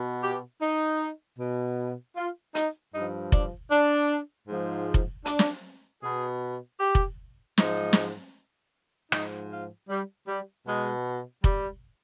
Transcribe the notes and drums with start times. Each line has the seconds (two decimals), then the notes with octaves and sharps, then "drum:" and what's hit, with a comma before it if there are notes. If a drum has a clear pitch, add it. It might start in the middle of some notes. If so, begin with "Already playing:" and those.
Already playing: B2
0.24 G4
0.62 D#4
1.39 B2
2.17 F4
2.55 D#4, drum: hi-hat
2.94 G2 F3 D#4
3.32 D4, drum: kick F1
3.71 D4
4.48 G#2 F3
4.94 drum: kick F1
5.25 D4, drum: hi-hat
5.39 drum: snare
6.03 B2 G#4
6.80 G4
6.95 drum: kick F1
7.58 G#2 F3 D#4, drum: snare
7.93 drum: snare
9.12 G#2 F3 D#4, drum: rim click
9.51 F4
9.89 G3
10.28 G3
10.66 B2 G#3
11.44 G3, drum: kick F1